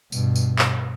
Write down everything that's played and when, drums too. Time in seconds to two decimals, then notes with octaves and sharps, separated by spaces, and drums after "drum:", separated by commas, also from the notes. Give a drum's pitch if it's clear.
0.12 G2 B2, drum: tambourine
0.36 drum: tambourine
0.59 drum: clap